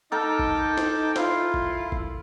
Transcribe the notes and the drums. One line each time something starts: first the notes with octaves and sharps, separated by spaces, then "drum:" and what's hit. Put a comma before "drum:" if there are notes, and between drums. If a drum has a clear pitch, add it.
D#4 A4 A#4 G5 A5 D6
drum: kick
drum: snare
E4 F4, drum: snare
drum: kick
drum: kick